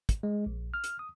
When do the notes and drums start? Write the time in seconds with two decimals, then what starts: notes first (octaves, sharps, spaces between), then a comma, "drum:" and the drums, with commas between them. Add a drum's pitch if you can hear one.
0.09 drum: kick, hi-hat
0.23 G#3
0.46 A#1
0.74 F6
0.84 drum: hi-hat
0.99 D#6